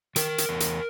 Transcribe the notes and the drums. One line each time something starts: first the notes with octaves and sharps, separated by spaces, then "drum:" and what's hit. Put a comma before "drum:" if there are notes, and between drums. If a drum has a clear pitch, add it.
D#3 A#4, drum: hi-hat
drum: hi-hat
E2
drum: hi-hat